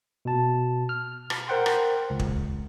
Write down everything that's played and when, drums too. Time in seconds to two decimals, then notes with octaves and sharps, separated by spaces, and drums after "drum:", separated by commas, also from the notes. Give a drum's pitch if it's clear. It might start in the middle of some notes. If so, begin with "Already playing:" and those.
0.25 B2 A5
0.89 F6
1.30 drum: rim click
1.48 A#4 C5 F#5 G5 C6
1.66 drum: rim click
2.10 C#2
2.19 drum: kick